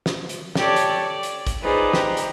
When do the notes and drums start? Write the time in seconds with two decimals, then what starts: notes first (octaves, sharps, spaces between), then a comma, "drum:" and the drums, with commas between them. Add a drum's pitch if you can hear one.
0.06 drum: snare
0.29 drum: hi-hat
0.55 G4 A4 C#5 D5 A5, drum: snare
0.76 drum: hi-hat
1.03 D5
1.23 drum: hi-hat
1.47 drum: kick A1, hi-hat
1.62 D#4 F4 G#4 B4 C5 D5
1.93 G4 A#5, drum: snare
2.17 drum: hi-hat